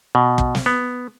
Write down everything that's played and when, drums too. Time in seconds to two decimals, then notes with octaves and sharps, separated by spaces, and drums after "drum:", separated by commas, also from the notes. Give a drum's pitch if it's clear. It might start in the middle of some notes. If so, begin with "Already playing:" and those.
0.15 B2
0.38 drum: kick
0.55 drum: snare
0.66 B3